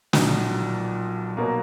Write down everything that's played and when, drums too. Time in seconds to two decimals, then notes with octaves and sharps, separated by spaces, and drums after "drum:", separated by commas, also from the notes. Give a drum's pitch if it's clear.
0.13 B1 A#2 F3, drum: snare
1.37 B2 F#3 A#3